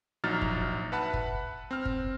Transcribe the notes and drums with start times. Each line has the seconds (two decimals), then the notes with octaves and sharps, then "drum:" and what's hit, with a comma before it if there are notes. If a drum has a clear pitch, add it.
0.24 A#1 F#3 D#4 F6 A6
0.42 drum: kick
0.92 B4 E5 F#5 A5 B5 F#6
1.13 drum: kick
1.71 C4 F6
1.85 drum: kick